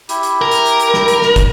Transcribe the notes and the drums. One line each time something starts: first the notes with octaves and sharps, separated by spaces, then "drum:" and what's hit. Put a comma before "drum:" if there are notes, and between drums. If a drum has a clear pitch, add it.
E4 G4, drum: hi-hat
drum: hi-hat
A#4
drum: hi-hat
drum: hi-hat
drum: hi-hat
drum: snare
drum: hi-hat
drum: snare
drum: kick, hi-hat